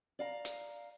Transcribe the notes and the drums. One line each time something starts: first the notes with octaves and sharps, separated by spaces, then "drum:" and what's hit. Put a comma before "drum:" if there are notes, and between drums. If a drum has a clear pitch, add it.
D5 F5 A#5
drum: hi-hat